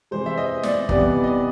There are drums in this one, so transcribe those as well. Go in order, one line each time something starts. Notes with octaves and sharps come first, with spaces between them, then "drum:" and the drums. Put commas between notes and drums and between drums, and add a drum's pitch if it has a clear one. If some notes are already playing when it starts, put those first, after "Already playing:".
C3 E3 G#3 C5
E5
D#5
D5, drum: snare
C3 E3 G3 B3 D5, drum: kick
D#5
D5